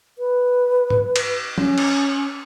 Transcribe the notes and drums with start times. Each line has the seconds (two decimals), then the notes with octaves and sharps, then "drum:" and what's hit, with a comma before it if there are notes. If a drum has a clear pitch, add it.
0.19 B4
0.90 drum: tom G#2
1.16 drum: cymbal
1.58 C#4, drum: tom F3
1.78 drum: cymbal